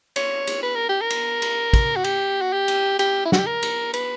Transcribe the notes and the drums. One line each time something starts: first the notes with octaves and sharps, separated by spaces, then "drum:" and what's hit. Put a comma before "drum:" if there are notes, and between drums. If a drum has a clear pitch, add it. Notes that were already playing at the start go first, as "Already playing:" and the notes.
C#5, drum: cymbal
drum: cymbal
B4
A#4
G4
A#4
drum: cymbal
drum: cymbal
drum: kick, cymbal
F#4
G4, drum: cymbal
F#4
G4
drum: cymbal
G4, drum: cymbal
E4
F#4, drum: snare
G4
A#4
drum: cymbal
B4, drum: cymbal